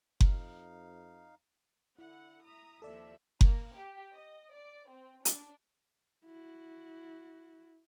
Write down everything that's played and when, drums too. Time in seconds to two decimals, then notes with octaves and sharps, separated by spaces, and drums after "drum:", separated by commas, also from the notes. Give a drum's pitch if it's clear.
0.21 F2 D#4 F5, drum: kick F#1
1.99 D3 E4 F#5
2.44 E5 A#5 D#6
2.82 D#2 C3 F3 A4 D5 E5
3.41 A#3, drum: kick F#1
3.75 G4
4.14 D#5
4.53 D5
4.88 C4
5.25 D4, drum: hi-hat
6.25 E4 F#4